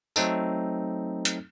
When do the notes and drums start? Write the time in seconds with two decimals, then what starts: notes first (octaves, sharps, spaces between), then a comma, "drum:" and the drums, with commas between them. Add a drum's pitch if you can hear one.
0.16 F#3 A3 C4 D#4 A4, drum: tambourine
1.25 drum: hi-hat